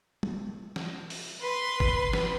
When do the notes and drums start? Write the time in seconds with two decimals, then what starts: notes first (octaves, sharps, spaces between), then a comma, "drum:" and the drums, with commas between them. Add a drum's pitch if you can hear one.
0.23 drum: tom
0.76 drum: snare
1.10 drum: open hi-hat
1.43 B4 C6
1.80 drum: kick
2.13 drum: snare